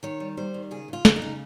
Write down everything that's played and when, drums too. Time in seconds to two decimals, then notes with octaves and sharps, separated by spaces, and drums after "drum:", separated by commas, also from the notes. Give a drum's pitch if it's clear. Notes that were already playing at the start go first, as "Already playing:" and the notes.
0.03 D#3 C#5
0.20 G3
0.37 G3 C5
0.54 D#3
0.71 C#3 G#4
0.88 C#3 F4
1.05 C#3, drum: snare
1.16 D#4
1.22 C#3